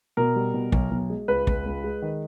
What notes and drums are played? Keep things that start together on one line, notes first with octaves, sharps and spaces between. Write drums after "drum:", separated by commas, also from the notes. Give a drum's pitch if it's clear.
B2 A#4
G3
B2
B1, drum: kick
B1
G#3
C#2 B4
C#2, drum: kick
C#2
G#3
D#3